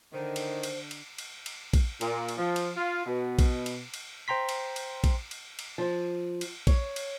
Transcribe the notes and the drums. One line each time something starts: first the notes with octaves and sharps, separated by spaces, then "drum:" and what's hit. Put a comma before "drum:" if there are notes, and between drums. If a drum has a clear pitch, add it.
D3 D#3 C5
drum: cymbal
drum: cymbal
drum: cymbal
drum: cymbal
drum: cymbal
drum: kick A#1, cymbal
A#2, drum: cymbal
drum: cymbal
F3
drum: cymbal
F4
B2
drum: kick A#1, cymbal
drum: cymbal
drum: cymbal
C5 G5 A#5 C6 B6
drum: cymbal
drum: cymbal
drum: kick A#1, cymbal
drum: cymbal
drum: cymbal
F3
drum: cymbal
C#5, drum: kick A#1, cymbal
drum: cymbal